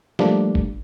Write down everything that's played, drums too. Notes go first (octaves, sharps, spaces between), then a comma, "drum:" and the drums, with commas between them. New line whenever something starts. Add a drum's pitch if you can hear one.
F3 G3 A3 A#3 D4, drum: snare
drum: kick